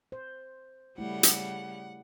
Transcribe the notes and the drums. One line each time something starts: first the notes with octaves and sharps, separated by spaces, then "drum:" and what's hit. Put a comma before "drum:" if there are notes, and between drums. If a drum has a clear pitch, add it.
C5
C#3 G3 A3 E4 F#5
drum: hi-hat